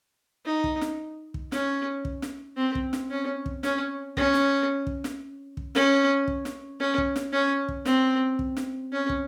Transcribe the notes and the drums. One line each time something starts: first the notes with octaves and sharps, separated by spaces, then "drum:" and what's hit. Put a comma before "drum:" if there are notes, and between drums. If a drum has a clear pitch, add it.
D#4
drum: kick
drum: snare
drum: kick
C#4, drum: snare
drum: kick
drum: snare
C4
drum: kick
drum: snare
C#4
drum: kick
C#4, drum: snare
C#4, drum: kick
drum: snare
drum: kick
drum: snare
drum: kick
C#4, drum: snare
drum: kick
drum: snare
C#4
drum: kick
drum: snare
C#4
drum: kick
C4, drum: snare
drum: kick
drum: snare
C#4
drum: kick